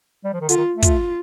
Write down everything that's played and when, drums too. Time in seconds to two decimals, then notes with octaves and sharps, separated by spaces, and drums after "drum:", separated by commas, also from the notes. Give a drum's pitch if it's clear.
0.24 G3
0.33 F3
0.41 D#3
0.49 D3 F4, drum: hi-hat
0.57 D#3
0.74 A3
0.82 F4, drum: kick, hi-hat